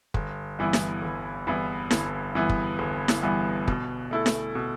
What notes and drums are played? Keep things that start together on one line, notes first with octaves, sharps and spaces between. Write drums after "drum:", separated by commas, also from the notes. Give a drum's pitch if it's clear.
G1, drum: kick
G2 E3 B3 E4
drum: snare E4
G1
G2 E3 B3 E4
G1, drum: snare E4
G2 E3 B3 E4
drum: kick
G1
drum: snare E4
G2 E3 B3 E4
B2, drum: kick
A3 E4 A4
drum: snare E4
B2